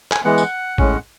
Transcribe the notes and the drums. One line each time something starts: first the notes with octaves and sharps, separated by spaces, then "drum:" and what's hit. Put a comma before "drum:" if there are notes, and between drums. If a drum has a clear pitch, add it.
G#5, drum: clap
E3 G#3 B3 F#5
drum: tambourine
A2 G#3 C#4, drum: kick